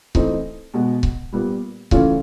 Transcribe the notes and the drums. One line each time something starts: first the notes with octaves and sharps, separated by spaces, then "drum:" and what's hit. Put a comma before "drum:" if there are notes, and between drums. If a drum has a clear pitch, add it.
E3 A3 C4 D#4, drum: kick C#1
B2 G#3 B3
drum: kick C#1
A#2 G3 B3
C#3 E3 A3 C#4 F4, drum: kick C#1